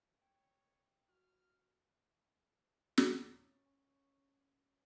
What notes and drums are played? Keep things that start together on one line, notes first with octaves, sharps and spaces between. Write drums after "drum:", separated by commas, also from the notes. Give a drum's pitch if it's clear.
C#5 G5
F#4 F6
C#4, drum: snare
C#4